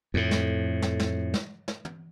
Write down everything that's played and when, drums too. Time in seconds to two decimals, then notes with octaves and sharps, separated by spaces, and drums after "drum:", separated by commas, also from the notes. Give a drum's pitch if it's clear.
0.14 F2 A2
0.31 drum: snare
0.82 drum: snare
0.99 drum: snare
1.34 drum: snare
1.68 drum: snare
1.85 drum: tom